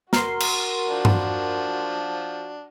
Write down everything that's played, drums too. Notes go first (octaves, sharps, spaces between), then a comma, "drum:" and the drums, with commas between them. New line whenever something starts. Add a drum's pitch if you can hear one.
F#4 A#4 C6, drum: snare
drum: cymbal
F3 D4
drum: tom G2